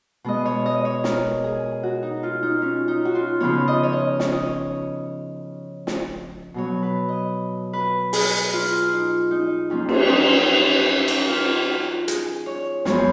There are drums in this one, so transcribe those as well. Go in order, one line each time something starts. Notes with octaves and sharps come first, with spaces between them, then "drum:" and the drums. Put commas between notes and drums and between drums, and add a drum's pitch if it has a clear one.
B2 G#3 B3 D#5
C#5
D#5
C#5
A#4, drum: snare
G#4
F#4
D#4
F4
D#4
C#4
D#4
F#4
F4
C#3 F3 B3 C#5
D#5
C#5
D#5
C#5, drum: snare
D#5
C#5
drum: snare
B2 F#3 B3 C#5
B4
D#5
B4
G#4, drum: open hi-hat
F4
D#4
D#4
F2 F3 A#3 C#4
drum: cymbal
C#4 D#4
drum: cymbal
F4
F#4
G#4, drum: hi-hat
C#5
F#2 F3 G#3 B3 C#5, drum: snare